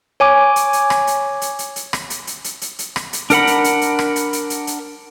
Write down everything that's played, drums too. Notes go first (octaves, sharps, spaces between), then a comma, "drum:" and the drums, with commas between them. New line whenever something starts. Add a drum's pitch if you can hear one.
C#5 G#5 D6
drum: hi-hat
drum: hi-hat
drum: rim click
drum: hi-hat
drum: hi-hat
drum: hi-hat
drum: hi-hat
drum: rim click
drum: hi-hat
drum: hi-hat
drum: hi-hat
drum: hi-hat
drum: hi-hat
drum: rim click
drum: hi-hat
D4 A#4 F#5 B5, drum: hi-hat
drum: hi-hat
drum: hi-hat
drum: hi-hat
drum: rim click
drum: hi-hat
drum: hi-hat
drum: hi-hat
drum: hi-hat